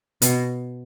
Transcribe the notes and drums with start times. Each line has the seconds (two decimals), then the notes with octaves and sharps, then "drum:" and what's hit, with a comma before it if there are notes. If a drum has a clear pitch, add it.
0.22 B2, drum: hi-hat